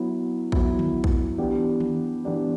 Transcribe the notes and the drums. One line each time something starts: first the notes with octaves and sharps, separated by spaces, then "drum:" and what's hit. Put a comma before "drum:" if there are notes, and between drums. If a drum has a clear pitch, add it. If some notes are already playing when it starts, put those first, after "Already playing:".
Already playing: F#3 B3 E4
F#3 B3 E4, drum: kick
drum: tom D3
drum: kick
E3 B3 D4 G4
drum: tom D#3
E3 B3 D4 G4